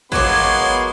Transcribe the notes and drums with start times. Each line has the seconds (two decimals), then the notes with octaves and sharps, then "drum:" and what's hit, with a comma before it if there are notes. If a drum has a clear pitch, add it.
0.12 F#3 G#3 A#3 B3 C#5 C6 D6 G#6, drum: kick